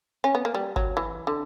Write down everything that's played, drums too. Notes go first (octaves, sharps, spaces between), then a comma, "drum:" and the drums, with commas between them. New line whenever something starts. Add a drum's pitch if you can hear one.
C#4
B3
A#3
G3
F#3, drum: kick G1
E3
D3